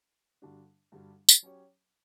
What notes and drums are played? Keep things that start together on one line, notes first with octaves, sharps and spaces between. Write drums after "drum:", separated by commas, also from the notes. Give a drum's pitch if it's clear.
G2 D3 G3 D4 F#4
G2 D3 G3 D4 F#4
drum: tambourine
F#3 C#4 G4 C#5